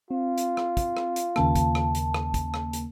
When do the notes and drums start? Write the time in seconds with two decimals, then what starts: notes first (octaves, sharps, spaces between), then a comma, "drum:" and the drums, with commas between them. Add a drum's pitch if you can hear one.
0.11 C4 F4
0.38 drum: hi-hat
0.57 drum: rim click
0.77 drum: kick, hi-hat
0.97 drum: rim click
1.16 drum: hi-hat
1.36 D#2 C#3 A#3 A5, drum: rim click
1.56 drum: kick, hi-hat
1.75 drum: rim click
1.95 drum: hi-hat
2.14 drum: rim click
2.34 drum: kick, hi-hat
2.54 drum: rim click
2.73 drum: hi-hat